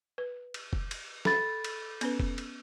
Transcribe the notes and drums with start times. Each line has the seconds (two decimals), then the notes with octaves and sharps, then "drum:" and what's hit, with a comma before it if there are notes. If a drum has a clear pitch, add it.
0.18 B4
0.54 drum: cymbal
0.73 drum: kick F1
0.91 drum: cymbal
1.25 A4 B5 A6, drum: snare
1.64 drum: cymbal
2.01 B3 C#4 B4, drum: cymbal
2.20 drum: kick F1
2.38 drum: cymbal